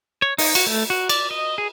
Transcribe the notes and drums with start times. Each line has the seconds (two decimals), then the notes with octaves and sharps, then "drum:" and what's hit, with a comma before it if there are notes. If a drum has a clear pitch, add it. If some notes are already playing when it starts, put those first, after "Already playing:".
0.22 C#5
0.38 D#4, drum: open hi-hat
0.55 F#4, drum: cymbal
0.67 A3
0.90 F#4
1.09 D5, drum: cymbal
1.31 D#5
1.58 G#4